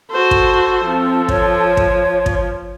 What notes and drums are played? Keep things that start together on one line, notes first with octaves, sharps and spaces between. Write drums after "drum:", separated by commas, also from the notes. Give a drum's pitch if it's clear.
F#4 A4 C5
drum: kick
F3 C4
C#5, drum: kick
drum: kick
drum: kick